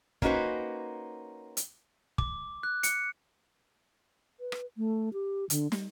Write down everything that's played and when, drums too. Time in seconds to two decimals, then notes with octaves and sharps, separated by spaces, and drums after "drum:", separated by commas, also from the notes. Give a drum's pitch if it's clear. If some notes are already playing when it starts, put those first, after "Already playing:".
0.22 A#3 C#4 D#4 F#4 B4 C5, drum: kick
1.57 drum: hi-hat
2.18 D6, drum: kick
2.63 F#6
2.83 C#7, drum: hi-hat
4.40 B4
4.52 drum: rim click
4.77 A3
5.13 G4
5.50 D3, drum: hi-hat
5.72 G3, drum: snare